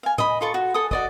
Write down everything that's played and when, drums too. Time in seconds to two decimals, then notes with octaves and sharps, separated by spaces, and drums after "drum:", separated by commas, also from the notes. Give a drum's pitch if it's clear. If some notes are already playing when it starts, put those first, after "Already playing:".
0.03 F5 G#5
0.18 D#5 B5, drum: tom A2
0.41 F4 A4 C#6
0.54 F#4
0.74 A4 G#5 D#6
0.91 F#4 D5 D#5, drum: kick